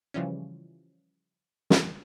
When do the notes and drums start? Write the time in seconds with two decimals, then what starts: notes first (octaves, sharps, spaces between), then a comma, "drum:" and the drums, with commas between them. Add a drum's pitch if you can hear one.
0.14 C#3 E3 F3 G3 C#4
1.70 drum: snare